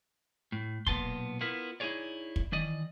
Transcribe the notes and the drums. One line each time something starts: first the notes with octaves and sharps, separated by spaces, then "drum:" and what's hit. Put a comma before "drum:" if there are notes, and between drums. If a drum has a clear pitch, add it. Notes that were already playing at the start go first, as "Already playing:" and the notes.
A2
B1 A#2 B3 A5 C6, drum: kick
B3 E4 F4 A#4 E5
D#4 E4 F#4 G#4 C#5 D5
drum: kick
D#3 E3 D5 D#5